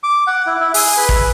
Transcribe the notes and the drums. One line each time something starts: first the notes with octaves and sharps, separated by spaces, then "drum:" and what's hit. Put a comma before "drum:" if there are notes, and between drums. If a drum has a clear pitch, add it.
D6
F#5
E4
E4
G#4, drum: open hi-hat
B4
drum: kick